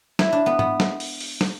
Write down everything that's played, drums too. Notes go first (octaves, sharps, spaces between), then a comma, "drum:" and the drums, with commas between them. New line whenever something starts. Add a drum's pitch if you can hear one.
E4, drum: snare
D4
B3
B3, drum: tom G#2
drum: snare
drum: open hi-hat
drum: open hi-hat
drum: snare